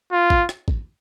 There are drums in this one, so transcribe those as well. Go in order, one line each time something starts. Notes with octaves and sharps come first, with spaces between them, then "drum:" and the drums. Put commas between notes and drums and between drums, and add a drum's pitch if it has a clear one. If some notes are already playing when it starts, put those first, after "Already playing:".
F4
drum: kick A1
drum: rim click
drum: kick A1